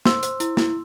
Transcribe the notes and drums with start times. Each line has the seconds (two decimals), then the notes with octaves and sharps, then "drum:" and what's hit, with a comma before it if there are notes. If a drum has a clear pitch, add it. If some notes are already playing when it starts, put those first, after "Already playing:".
0.06 C5 C6 E6, drum: snare
0.23 C5, drum: hi-hat
0.40 E4, drum: hi-hat
0.57 E4, drum: snare